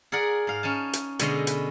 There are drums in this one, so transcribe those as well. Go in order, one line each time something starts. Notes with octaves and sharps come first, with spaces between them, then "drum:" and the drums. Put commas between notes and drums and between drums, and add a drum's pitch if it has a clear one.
G#4 A#4 D5 F#5
G#2 F5
C#4 D#4 G#5 A5
drum: hi-hat
B2 D3 G#3 C#4 D#5 C6, drum: hi-hat
B4, drum: hi-hat